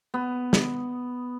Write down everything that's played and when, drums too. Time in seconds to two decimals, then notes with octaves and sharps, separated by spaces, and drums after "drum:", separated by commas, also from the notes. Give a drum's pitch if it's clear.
0.14 B3
0.53 drum: snare